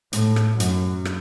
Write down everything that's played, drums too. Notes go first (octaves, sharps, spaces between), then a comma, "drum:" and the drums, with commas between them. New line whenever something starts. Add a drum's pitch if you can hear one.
A2, drum: hi-hat
drum: rim click
F#2, drum: hi-hat
drum: rim click